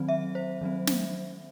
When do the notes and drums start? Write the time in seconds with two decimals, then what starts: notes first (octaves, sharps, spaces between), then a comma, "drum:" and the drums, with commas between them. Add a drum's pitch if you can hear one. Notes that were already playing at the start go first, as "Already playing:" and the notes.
Already playing: D#3 F#3 C4
0.08 E5
0.35 C5
0.61 D#3 F#3 C4
0.87 drum: snare